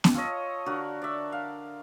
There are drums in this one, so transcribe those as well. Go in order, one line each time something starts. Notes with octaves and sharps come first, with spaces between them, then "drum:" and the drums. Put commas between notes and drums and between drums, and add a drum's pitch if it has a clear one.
drum: snare B3
F4 A4 C#5 D#5
D3 F#4 A#4
D5 E5
F5